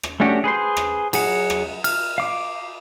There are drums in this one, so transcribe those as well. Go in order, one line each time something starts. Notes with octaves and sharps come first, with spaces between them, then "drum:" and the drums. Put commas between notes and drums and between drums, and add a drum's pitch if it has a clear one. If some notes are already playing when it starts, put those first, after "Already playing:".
drum: rim click
A3 C#4 D4 F#4 G4
G#4 B4 C5 C6
drum: rim click
F#3 G#4 F#5, drum: cymbal
drum: rim click
F6, drum: cymbal
F5 D6